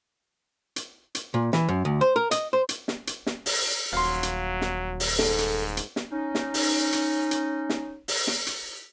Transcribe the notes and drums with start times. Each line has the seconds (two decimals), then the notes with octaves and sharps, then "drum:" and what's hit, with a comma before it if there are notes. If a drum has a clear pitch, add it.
0.76 drum: hi-hat
1.15 drum: hi-hat
1.34 A#2
1.53 E3, drum: snare
1.69 F#2
1.85 D2
2.01 C5
2.16 A#4
2.31 D#5, drum: hi-hat
2.53 C5
2.69 drum: hi-hat
2.88 drum: snare
3.07 drum: hi-hat
3.27 drum: snare
3.46 drum: open hi-hat
3.93 D#1 F#3 F5 C6
4.23 drum: hi-hat
4.61 drum: snare
5.00 drum: open hi-hat
5.19 G#2 A4, drum: snare
5.38 drum: hi-hat
5.77 drum: hi-hat
5.96 drum: snare
6.12 C#4 D#4
6.35 drum: snare
6.54 drum: open hi-hat
6.92 drum: hi-hat
7.31 drum: hi-hat
7.70 drum: snare
8.08 drum: open hi-hat
8.27 drum: snare
8.47 drum: hi-hat